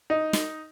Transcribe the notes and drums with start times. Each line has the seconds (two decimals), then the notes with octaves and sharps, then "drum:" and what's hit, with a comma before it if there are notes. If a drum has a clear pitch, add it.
0.10 D#4
0.33 drum: snare